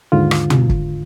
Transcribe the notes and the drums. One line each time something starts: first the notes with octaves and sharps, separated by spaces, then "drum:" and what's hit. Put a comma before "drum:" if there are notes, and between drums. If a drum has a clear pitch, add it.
D#2 G#2 D3 F4
drum: rim click
drum: tom
drum: kick